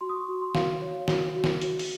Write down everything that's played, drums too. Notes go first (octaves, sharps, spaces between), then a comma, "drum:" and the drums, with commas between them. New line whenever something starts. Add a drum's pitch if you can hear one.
F#4 C6
D#6
C#6
F#4
C6
F#4 F5, drum: snare
C#5
F#4, drum: snare
F#4
drum: snare
F#4, drum: hi-hat
drum: open hi-hat